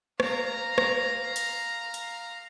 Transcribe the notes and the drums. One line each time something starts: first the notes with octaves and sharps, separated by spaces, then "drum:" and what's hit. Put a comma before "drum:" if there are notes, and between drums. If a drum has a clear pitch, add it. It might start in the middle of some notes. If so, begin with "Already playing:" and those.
F5 A#5, drum: rim click
drum: rim click
drum: hi-hat
drum: hi-hat